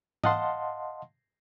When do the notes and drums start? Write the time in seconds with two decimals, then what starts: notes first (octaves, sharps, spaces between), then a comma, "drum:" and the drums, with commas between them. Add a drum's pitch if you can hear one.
0.24 D#5 F5 F#5 A5 C6, drum: tom G#2